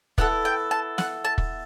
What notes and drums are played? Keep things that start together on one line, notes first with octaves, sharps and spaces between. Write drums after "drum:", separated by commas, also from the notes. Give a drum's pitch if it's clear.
B3 E4 A4 F#5, drum: kick
G5
A5
F#5, drum: snare
A5
drum: kick